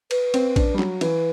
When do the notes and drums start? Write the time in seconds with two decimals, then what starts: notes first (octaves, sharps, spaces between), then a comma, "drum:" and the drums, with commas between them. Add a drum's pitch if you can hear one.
0.11 B4, drum: cymbal
0.34 C4, drum: cymbal
0.56 D4, drum: kick A#1, cymbal
0.74 G3
0.79 F#3, drum: clap
1.01 E3 B4, drum: cymbal